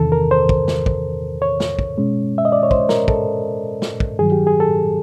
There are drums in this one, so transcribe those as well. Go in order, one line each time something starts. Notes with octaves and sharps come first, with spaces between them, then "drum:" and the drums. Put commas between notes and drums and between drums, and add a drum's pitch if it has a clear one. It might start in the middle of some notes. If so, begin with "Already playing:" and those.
Already playing: E2 C3 D#3 A4
A#4
C5
drum: kick
drum: snare
drum: kick
C#5
drum: snare
drum: kick
B2 G#3 C#4
E5
D#5
D5
C#5
C5, drum: kick
A#4, drum: snare
A4, drum: kick
drum: snare
drum: kick
G2 D#3 F#3 G#4
G4
G#4
A4